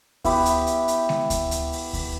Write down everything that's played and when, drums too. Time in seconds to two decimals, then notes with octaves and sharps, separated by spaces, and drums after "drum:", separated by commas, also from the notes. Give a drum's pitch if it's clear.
0.24 B3 E4 G4, drum: kick D2, open hi-hat
0.46 drum: hi-hat
0.67 drum: hi-hat
0.88 drum: hi-hat
1.09 drum: snare G#3
1.30 drum: kick D2, hi-hat
1.51 drum: hi-hat
1.72 drum: open hi-hat
1.93 drum: kick D2, open hi-hat